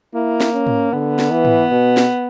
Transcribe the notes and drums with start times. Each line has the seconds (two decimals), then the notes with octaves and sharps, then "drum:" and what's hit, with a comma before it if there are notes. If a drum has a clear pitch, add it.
0.14 A#3 E4
0.41 drum: snare
0.53 C#4
0.67 drum: tom G#2
0.93 D3 B3
1.19 drum: snare
1.31 E3
1.45 drum: tom G#2
1.71 B2
1.97 drum: snare